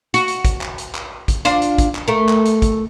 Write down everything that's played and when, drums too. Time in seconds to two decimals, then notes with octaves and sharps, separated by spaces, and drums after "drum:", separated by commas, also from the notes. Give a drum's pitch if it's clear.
0.14 F#4, drum: hi-hat
0.28 drum: hi-hat
0.45 drum: kick, hi-hat
0.61 drum: clap
0.78 drum: hi-hat
0.95 drum: clap
1.28 drum: kick, hi-hat
1.45 D4 F4 C5, drum: hi-hat
1.62 drum: hi-hat
1.78 drum: kick, hi-hat
1.95 drum: clap
2.08 A3 A#4
2.29 drum: clap
2.45 drum: hi-hat
2.62 drum: kick, hi-hat